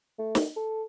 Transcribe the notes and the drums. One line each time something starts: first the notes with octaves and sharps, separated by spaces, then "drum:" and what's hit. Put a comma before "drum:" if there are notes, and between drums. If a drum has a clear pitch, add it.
A3
drum: snare
A4